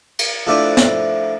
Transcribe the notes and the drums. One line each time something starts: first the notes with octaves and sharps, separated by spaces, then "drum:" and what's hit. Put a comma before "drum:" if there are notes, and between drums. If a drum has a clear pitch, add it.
drum: cymbal
F3 A3 D4 E4 B4 D5
drum: snare